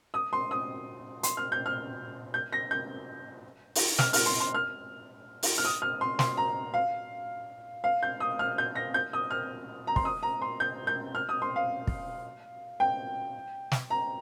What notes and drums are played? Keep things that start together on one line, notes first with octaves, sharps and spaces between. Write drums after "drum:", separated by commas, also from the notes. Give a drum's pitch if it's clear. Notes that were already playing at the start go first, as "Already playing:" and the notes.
D#6
C6
D#6
C6, drum: hi-hat
F6
G6
F6
G6
A#6
G6
drum: open hi-hat
F6, drum: snare
F6, drum: open hi-hat
C6
C6
F6
drum: open hi-hat
F6
D#6
F6
C6
C6, drum: snare
A#5
F5
F5
G6
D#6
F6
G6
A#6
G6
D#6
F6
A#5
C6, drum: kick
D#6
A#5
C6
G6
G6
F6
D#6
C6
F5
drum: kick
G5
drum: snare
A#5